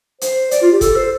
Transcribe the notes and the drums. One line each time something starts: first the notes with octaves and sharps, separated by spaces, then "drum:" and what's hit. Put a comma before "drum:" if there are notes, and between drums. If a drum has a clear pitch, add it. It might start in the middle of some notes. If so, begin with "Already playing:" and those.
C5, drum: hi-hat
D5, drum: hi-hat
F4
G4
A4, drum: kick F#1, hi-hat
C5